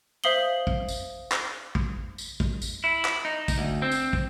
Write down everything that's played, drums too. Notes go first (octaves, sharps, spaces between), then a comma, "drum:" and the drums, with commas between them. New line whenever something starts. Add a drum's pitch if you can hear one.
C5 E5 F5 D#6 F#7 G7
drum: kick
drum: tambourine
drum: clap
drum: kick
drum: tambourine
drum: kick
drum: tambourine
E4
drum: clap
D#4
drum: kick, tambourine
D2
C4
drum: tambourine
drum: kick